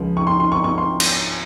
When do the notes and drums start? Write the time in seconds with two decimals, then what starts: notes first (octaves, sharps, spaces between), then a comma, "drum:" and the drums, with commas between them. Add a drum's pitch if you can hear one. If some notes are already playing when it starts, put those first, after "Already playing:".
Already playing: C#2 C#3 F3
0.17 C#6
0.27 C6
0.40 C6
0.52 C#6
0.64 C#6
0.78 C6
1.00 drum: cymbal